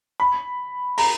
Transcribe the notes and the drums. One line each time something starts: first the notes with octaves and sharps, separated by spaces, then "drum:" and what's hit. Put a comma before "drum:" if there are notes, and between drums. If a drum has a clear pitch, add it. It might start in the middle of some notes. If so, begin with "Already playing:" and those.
B5
A#5, drum: open hi-hat